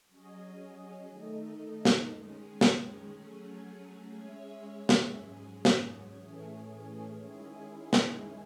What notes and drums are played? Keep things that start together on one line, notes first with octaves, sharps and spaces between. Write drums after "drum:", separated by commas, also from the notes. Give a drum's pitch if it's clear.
F#3 C#4 G#4 D#5
D#3 A3 D#4 A4 D#5
drum: snare
D#3 G#3 C#4 G#4
drum: snare
F#3 A3 C#4 G#4
G#3 C#4 G#4 C#5 E5
drum: snare
G#2 F#3 C#4 G#4
drum: snare
A2 E3 A3 C#4 G#4
D#3 G#3 C#4 E4 G#4
drum: snare